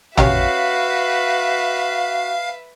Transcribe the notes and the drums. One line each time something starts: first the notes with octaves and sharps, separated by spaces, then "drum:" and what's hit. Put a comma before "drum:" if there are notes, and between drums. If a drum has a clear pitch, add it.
C#4 F#4 G4 B4 C#5 E5 F5, drum: tom